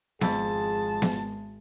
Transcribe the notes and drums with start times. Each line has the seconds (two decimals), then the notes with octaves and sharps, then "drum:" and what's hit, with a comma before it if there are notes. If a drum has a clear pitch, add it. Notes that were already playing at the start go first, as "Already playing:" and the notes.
0.21 G#1 F2 G#3 G#4 A5, drum: snare B3
1.02 drum: snare B3